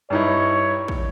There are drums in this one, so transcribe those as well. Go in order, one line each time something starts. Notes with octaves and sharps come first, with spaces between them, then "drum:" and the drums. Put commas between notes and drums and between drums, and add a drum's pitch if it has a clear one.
G2 D#4 E4 C#5
drum: kick